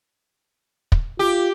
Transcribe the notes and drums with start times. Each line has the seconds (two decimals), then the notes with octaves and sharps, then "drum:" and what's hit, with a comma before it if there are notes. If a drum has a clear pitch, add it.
0.92 drum: kick
1.19 F4 G4